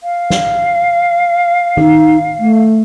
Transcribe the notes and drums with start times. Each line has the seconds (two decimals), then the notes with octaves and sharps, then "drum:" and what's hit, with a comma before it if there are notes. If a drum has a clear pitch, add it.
0.02 F5
0.30 drum: snare
1.77 D#4, drum: tom D#3
2.39 A3